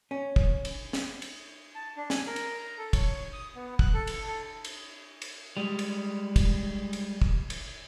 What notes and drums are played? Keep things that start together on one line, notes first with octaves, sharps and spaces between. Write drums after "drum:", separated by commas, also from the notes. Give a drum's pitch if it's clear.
C#4
drum: kick
drum: cymbal
drum: snare
drum: cymbal
A5
D4
G#5, drum: snare
A#4
drum: cymbal
A#5
A4
C#5, drum: kick, cymbal
D#6
B3
F#6, drum: kick
A4
drum: cymbal
A4
drum: cymbal
drum: cymbal
G3 G#3
drum: cymbal
drum: kick, cymbal
drum: cymbal
drum: kick
drum: cymbal